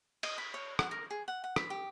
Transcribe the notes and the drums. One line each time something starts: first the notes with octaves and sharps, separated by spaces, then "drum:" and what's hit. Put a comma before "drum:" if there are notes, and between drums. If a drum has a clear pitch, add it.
D#5, drum: cymbal
B5
C#5
F#5, drum: rim click
A#4
G#4
F#5
F#5
B5, drum: rim click
G4